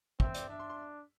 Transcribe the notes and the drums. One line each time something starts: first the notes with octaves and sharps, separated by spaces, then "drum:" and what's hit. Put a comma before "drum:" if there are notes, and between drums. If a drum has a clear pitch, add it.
C4 E5, drum: kick
D5, drum: hi-hat
D4 E5
C6
C6